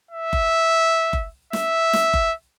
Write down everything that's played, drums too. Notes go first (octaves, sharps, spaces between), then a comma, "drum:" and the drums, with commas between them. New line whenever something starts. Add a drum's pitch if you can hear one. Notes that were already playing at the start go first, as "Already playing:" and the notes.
E5
drum: kick F#1
drum: kick F#1
E5, drum: snare
drum: snare
drum: kick F#1